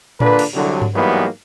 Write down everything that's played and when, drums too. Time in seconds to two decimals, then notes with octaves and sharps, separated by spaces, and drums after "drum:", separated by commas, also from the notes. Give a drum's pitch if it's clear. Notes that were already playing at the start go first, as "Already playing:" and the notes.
0.20 A#2 D3 D4 B4, drum: tom A2
0.39 drum: cymbal
0.54 C2 D3 F#3
0.82 drum: tom G2
0.95 G#2 E3 F#3 G3 A#3 B3